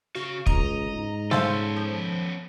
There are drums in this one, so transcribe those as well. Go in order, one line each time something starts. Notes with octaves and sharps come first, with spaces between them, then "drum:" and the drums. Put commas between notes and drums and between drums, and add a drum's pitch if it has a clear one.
C#3 F#4 F5
C#2 D#5 A#5, drum: kick
G#2
B3 C#4 A4 C5 F5, drum: snare
F3